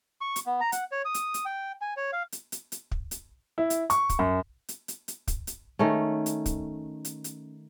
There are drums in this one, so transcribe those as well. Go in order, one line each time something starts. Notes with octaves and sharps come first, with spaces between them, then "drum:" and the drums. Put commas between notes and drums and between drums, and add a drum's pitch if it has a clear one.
C#6
drum: hi-hat
B3
A#5
F#5, drum: hi-hat
C#5
D#6
drum: hi-hat
drum: hi-hat
G5
G#5
C#5
F5
drum: hi-hat
drum: hi-hat
drum: hi-hat
drum: kick
drum: hi-hat
E4
drum: hi-hat
C#6, drum: hi-hat
drum: kick, hi-hat
F#2
drum: hi-hat
drum: hi-hat
drum: hi-hat
drum: kick, hi-hat
drum: hi-hat
D#3 A3 C#4
drum: hi-hat
drum: kick, hi-hat
drum: hi-hat
drum: hi-hat